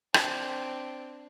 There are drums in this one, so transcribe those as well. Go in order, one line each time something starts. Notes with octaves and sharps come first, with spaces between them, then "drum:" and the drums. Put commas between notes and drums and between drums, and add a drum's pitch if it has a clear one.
C4 D4, drum: rim click